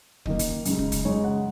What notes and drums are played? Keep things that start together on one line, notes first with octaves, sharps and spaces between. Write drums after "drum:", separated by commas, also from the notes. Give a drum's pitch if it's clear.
F#2 D#3 A#3 D#5, drum: kick
drum: kick, hi-hat
F#2 C#3 G#3 D#4, drum: hi-hat
drum: kick
drum: kick, hi-hat
F#2 C#3 G#3 D#4 C#5
F#5